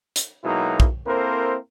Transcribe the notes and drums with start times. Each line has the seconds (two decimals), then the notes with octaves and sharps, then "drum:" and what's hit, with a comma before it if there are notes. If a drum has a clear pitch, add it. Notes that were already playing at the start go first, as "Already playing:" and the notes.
0.16 drum: hi-hat
0.43 B2 F#3 G#3 A#3 D#4 E4
0.80 drum: kick
1.05 A#3 C4 E4 A4 A#4 C5